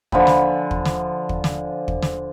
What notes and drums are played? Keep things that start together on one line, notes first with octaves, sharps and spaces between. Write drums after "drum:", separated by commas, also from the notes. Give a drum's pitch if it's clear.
D3 F3 G#5 B5, drum: kick
drum: snare
drum: kick
drum: snare
drum: kick
drum: snare
drum: kick
drum: snare